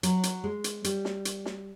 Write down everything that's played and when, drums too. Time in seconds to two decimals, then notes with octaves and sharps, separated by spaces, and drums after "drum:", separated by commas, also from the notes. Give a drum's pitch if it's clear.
0.03 F#3, drum: hi-hat
0.23 drum: hi-hat
0.44 G#3
0.64 drum: hi-hat
0.84 G3, drum: hi-hat
1.05 drum: snare
1.25 drum: hi-hat
1.46 drum: snare